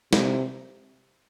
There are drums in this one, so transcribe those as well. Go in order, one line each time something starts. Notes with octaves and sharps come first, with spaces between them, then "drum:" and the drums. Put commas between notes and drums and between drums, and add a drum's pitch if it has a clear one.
C3, drum: snare